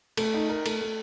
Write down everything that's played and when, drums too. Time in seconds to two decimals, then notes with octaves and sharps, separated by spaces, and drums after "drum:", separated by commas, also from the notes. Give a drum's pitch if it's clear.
0.17 A3, drum: cymbal
0.34 D#4
0.49 A#4
0.66 A3, drum: cymbal
0.81 A3